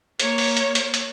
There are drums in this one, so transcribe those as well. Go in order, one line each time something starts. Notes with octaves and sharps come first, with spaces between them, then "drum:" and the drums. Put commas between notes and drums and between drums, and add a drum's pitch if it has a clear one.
A#3 C#5, drum: hi-hat
drum: open hi-hat
drum: hi-hat
drum: hi-hat
drum: hi-hat